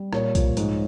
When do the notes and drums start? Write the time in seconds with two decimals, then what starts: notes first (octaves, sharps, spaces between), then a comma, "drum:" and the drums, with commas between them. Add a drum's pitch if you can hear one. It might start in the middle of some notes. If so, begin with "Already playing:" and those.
Already playing: G3
0.13 A#2 C#5, drum: rim click
0.35 F3, drum: kick B1, hi-hat
0.57 G#2, drum: hi-hat